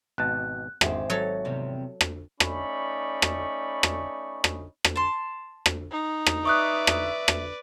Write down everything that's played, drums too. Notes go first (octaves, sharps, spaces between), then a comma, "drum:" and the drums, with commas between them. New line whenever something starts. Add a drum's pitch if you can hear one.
G#1 B2 A5 F#6
G#1 G4 G#4 C5 E5, drum: rim click
F#3 A4 C#5
E2 C3 G3
drum: rim click
A3 C#4 D#4 D5 B5 C#6, drum: rim click
drum: rim click
drum: rim click
drum: rim click
drum: rim click
A5 C6
drum: rim click
D#4
drum: rim click
B4 D5 E5 C#6 D#6 F#6
drum: rim click
drum: rim click